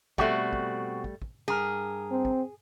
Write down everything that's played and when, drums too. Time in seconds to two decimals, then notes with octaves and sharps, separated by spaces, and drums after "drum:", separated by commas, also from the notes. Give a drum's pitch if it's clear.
0.18 B2 G3 A3 C4 F#4, drum: kick
0.53 drum: kick
1.04 drum: kick
1.22 drum: kick
1.48 G2 G#4 A#4
2.11 C4
2.25 drum: kick